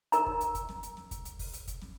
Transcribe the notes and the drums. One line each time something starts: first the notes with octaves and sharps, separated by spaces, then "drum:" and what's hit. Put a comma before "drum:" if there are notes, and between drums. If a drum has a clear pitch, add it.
A#4 A#5, drum: hi-hat
drum: kick
drum: hi-hat
drum: kick, hi-hat
drum: snare
drum: hi-hat
drum: snare
drum: kick, hi-hat
drum: hi-hat
drum: kick, open hi-hat
drum: hi-hat
drum: kick, hi-hat
drum: snare